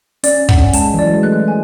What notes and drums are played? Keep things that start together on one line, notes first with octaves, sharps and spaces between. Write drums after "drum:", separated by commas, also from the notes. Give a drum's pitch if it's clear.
C#4 D5, drum: hi-hat
F#5, drum: kick
C#4
G#3 A5, drum: hi-hat
E3
F#3 D5
G#3
A3 F#6
G#3
G#5